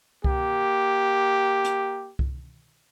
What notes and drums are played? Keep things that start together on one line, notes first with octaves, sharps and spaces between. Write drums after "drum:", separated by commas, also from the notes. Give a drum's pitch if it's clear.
A#3 G4, drum: kick C2
drum: hi-hat
drum: kick C2